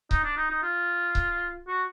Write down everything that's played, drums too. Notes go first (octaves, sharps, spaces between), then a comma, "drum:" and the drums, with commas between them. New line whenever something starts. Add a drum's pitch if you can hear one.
D#4, drum: kick C#1
D4
D#4
D#4
F4
drum: kick C#1
F#4